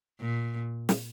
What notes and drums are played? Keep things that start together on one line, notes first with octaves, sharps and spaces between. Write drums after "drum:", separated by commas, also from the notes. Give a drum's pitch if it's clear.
A#2
drum: snare